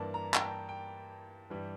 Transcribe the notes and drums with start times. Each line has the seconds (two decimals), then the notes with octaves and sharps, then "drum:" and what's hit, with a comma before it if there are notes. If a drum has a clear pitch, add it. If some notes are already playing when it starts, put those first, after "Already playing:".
Already playing: G2 E3 A#3 D4 A5
0.14 A#5
0.34 G5, drum: clap
0.41 A5
0.69 G5
1.50 G2 E3 G3